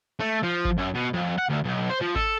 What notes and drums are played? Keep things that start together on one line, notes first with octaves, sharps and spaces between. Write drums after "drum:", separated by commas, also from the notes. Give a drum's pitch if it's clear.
A3
F3
drum: kick G#1
F#2
B2
F2
F#5
D2
B1
C5
F3
A4, drum: kick G#1